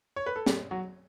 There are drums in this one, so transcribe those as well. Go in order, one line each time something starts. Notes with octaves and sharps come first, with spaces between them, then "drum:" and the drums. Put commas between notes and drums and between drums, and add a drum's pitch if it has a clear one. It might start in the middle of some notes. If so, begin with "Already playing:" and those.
C#5
B4
A4
G3 G4, drum: snare
F#3 F#4